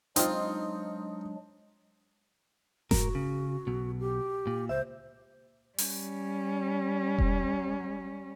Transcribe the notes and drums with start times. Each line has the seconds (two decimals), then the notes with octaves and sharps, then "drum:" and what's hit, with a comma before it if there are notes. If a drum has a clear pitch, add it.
0.16 F#3 G#3 C4 D4 D#4 F4, drum: hi-hat
2.91 G#2 F#4 A#4, drum: snare F1
3.15 C#3
3.67 B1 B2
4.00 G4
4.47 A#2
4.69 C#2 C5 E5
5.78 G3 C#4, drum: open hi-hat
7.18 drum: kick E1